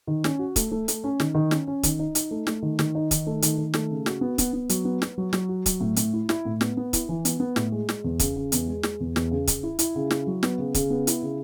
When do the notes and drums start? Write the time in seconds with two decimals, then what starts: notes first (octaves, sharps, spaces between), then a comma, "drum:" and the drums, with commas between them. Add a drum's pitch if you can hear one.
0.07 D#3
0.24 C#4, drum: snare
0.39 F#4
0.56 A3, drum: kick, hi-hat
0.71 A3
0.88 A3, drum: hi-hat
1.04 C#4
1.20 D#3, drum: snare
1.35 D#3
1.51 C#4, drum: snare
1.67 C#4
1.83 D#3, drum: kick, hi-hat
1.99 D#4
2.15 D#4, drum: hi-hat
2.31 A3
2.47 A3, drum: snare
2.62 D#3
2.79 D#3, drum: snare
2.95 D#4
3.11 D#3, drum: kick, hi-hat
3.27 A3
3.42 D#3, drum: hi-hat
3.58 D#3
3.74 A3, drum: snare
3.91 C#3
4.06 F#4, drum: snare
4.21 B3
4.38 B3, drum: kick, hi-hat
4.53 B3
4.69 F#3, drum: hi-hat
4.85 B3
5.02 B3, drum: snare
5.18 F#3
5.33 F#3, drum: snare
5.49 F#4
5.66 F#3, drum: kick, hi-hat
5.80 A2
5.96 A2, drum: hi-hat
6.13 E4
6.29 E4, drum: snare
6.45 A2
6.61 B3, drum: snare
6.77 B3
6.93 E4, drum: kick, hi-hat
7.09 E3
7.25 B3, drum: hi-hat
7.40 B3
7.56 A2, drum: snare
7.72 G#3
7.89 G#3, drum: snare
8.04 E2
8.19 C#3, drum: kick, hi-hat
8.36 C#3
8.52 E2, drum: hi-hat
8.68 G#3
8.83 G#3, drum: snare
9.00 E2
9.16 E2, drum: snare
9.31 C#3
9.47 C#3, drum: kick, hi-hat
9.63 E4
9.79 E4, drum: hi-hat
9.95 C#3
10.11 E4, drum: snare
10.27 F#3
10.43 B3, drum: snare
10.58 C#3
10.74 C#3, drum: kick, hi-hat
10.90 B3
11.07 E4, drum: hi-hat
11.22 C#3